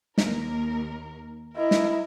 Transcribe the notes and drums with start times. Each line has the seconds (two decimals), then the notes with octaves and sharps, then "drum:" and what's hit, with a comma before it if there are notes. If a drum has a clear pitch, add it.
0.18 D#2 A#4, drum: snare
1.56 E4 A#4 D#5
1.71 drum: snare